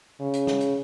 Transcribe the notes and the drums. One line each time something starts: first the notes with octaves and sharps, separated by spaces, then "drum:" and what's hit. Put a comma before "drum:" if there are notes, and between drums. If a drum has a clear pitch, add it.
C#3
drum: hi-hat
drum: snare
drum: hi-hat